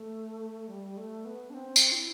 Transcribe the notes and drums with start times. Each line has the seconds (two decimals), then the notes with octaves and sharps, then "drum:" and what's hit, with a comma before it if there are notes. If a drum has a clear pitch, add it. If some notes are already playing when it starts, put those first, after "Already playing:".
Already playing: A3
0.68 G3
0.97 A3
1.25 B3
1.50 D4
1.54 C4
1.76 drum: tambourine
1.92 F4
1.97 E4